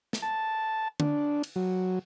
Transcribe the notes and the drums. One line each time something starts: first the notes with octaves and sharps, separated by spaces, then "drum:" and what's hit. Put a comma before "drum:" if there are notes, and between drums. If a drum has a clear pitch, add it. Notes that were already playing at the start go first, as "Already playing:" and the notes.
drum: snare
A5
D4, drum: tom
drum: cymbal
F#3